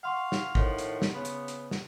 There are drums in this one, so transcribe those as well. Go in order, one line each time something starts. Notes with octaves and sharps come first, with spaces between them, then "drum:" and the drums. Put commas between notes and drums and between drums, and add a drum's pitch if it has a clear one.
F5 F#5 C6 C#6
drum: snare
A2 D#3 F3, drum: kick
drum: hi-hat
drum: snare
C#3 B3
drum: hi-hat
drum: hi-hat
drum: snare